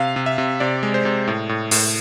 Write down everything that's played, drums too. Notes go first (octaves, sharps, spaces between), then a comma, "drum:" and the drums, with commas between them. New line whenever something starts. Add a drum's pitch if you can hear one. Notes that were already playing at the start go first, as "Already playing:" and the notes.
Already playing: C3 F5
C3
E5
C3
C3 D5
G#3
C5
C3
A2
A2
A2, drum: open hi-hat